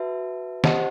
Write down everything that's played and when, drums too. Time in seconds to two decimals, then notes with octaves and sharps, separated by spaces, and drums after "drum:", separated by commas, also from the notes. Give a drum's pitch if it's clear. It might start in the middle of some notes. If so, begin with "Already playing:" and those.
Already playing: F#4 B4 E5 A5
0.64 G4 C5 D#5 F#5 A5, drum: snare